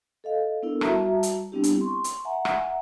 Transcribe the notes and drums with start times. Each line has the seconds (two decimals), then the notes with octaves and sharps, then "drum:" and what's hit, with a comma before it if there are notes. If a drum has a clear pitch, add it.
0.24 A4 D#5 F5
0.63 B3 D4 E4 A4 A#4
0.81 G3 F#4 E5 A5 A#5, drum: rim click
1.23 drum: hi-hat
1.52 G3 B3 C4 D4 E4 G4
1.64 drum: hi-hat
1.81 C6 C#6
2.04 drum: hi-hat
2.25 E5 F#5 G#5 A#5
2.45 drum: rim click